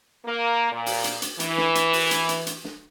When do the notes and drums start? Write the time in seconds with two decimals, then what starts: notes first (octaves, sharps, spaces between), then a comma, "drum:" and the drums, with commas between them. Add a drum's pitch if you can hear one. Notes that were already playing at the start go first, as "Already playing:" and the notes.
0.26 A#3
0.73 A#2
0.86 drum: open hi-hat
1.04 drum: hi-hat
1.22 drum: hi-hat
1.40 E3, drum: hi-hat
1.57 drum: snare
1.75 drum: hi-hat
1.93 drum: open hi-hat
2.11 drum: hi-hat
2.29 drum: hi-hat
2.47 drum: hi-hat
2.64 drum: snare